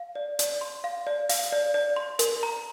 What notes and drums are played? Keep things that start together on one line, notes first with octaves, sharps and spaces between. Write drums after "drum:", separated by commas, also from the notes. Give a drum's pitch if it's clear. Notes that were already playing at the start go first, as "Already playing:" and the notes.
Already playing: F5
D5
D5, drum: hi-hat
C6
F5
D5
F5, drum: open hi-hat
D5
D5
C6
A#4, drum: hi-hat
A#5